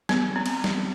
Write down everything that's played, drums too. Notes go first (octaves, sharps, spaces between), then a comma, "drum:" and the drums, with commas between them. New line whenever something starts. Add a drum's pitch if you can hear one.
B3, drum: snare
C4
drum: cymbal
drum: snare